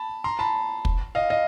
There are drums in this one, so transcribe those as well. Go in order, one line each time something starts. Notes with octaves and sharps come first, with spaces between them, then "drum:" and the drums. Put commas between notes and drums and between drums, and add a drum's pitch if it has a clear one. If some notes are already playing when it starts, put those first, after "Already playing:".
Already playing: A5 B5
A#5 C6
A5 B5
drum: kick
D#5 F5
D#5 F5